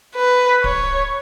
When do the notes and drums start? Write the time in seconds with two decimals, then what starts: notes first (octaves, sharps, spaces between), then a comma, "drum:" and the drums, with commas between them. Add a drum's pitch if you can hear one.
0.15 B4
0.64 C#5, drum: kick D1